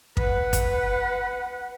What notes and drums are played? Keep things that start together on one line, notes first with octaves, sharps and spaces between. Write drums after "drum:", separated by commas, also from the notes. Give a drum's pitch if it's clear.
B4 F#5, drum: kick
drum: kick, hi-hat